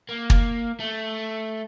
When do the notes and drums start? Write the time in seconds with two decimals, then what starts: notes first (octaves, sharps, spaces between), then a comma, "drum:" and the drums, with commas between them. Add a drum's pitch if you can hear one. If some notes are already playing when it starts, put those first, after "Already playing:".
0.09 A#3
0.30 drum: kick
0.80 A3